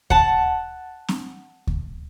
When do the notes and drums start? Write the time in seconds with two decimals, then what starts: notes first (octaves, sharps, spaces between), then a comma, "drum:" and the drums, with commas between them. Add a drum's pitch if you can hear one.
0.10 F#5 A5, drum: kick D2
1.08 drum: snare C4
1.67 drum: kick D2